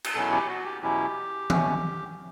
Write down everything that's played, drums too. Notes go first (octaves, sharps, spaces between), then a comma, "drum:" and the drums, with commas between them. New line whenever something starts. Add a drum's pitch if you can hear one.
drum: cymbal
E2 B2 F#3 C#4 E4 A4
G4
F#4
G4
E2 B2 F#3 C#4 E4 G4
B2 A3 C#4, drum: tom E3